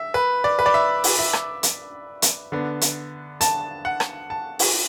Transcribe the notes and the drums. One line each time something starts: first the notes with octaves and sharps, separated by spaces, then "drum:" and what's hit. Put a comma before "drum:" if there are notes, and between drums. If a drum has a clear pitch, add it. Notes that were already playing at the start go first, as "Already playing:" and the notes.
Already playing: E5
B4
D5
B4
D5
E5
drum: open hi-hat
E5
drum: rim click
drum: hi-hat
drum: hi-hat
D3 B3 D4
drum: hi-hat
A5, drum: hi-hat
F#5
drum: rim click
A5
drum: open hi-hat